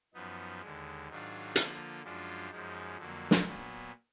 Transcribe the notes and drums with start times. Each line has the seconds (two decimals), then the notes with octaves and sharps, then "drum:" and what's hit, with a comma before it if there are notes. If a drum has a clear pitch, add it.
0.14 F#2 F3 B3 D#4
0.61 D#2 D3 G#3
1.09 G#2 D#3 F#3 D4 F4
1.56 D3 F3 A#3 F4, drum: hi-hat
2.03 F#2 F3 G#3 D4 F4
2.51 F#2 F3 G#3 D#4
2.97 F2 D3 F#3 A#3
3.31 drum: snare
3.45 A#2 F#3 B3